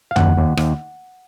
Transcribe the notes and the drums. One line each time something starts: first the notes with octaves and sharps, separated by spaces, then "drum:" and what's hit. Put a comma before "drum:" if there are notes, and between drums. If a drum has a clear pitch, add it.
F5
D#2 F#5, drum: tom
D#2
D#2, drum: rim click